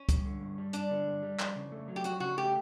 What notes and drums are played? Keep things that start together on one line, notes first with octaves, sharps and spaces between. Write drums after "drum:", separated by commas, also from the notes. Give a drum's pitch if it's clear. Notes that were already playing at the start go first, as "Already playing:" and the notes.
Already playing: C#4
G2, drum: kick, hi-hat
D3
G2
G3
G2 D4, drum: hi-hat
D3
G2
G3
F2, drum: clap
C#3
A3
F#3
G4
F2 F#4, drum: hi-hat
C#3 F#4
A3 G4